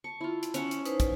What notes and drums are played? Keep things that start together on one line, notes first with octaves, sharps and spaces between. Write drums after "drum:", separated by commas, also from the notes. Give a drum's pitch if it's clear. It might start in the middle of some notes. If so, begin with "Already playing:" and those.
A5 C#6
E4 F4
drum: hi-hat
C#4 E5 F#5, drum: hi-hat
drum: hi-hat
D#4 B4 C5, drum: hi-hat
drum: kick, hi-hat